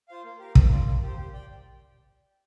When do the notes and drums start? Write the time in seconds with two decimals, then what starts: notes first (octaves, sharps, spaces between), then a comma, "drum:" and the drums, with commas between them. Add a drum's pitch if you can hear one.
0.08 F4 C5 F5
0.24 A#3
0.39 G4 A#4 F5
0.55 C4, drum: kick
0.71 F4 D5
0.86 A#3
1.02 G4 C5
1.17 G4
1.33 D5 G5